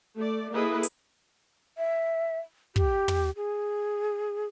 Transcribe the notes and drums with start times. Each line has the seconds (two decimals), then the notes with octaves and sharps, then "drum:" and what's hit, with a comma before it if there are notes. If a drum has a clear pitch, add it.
0.16 A3 D5
0.52 A#3 E4 G#4 A4 B4 D#5
0.83 drum: hi-hat
1.78 E5
2.76 G4, drum: kick
3.08 drum: tom
3.37 G#4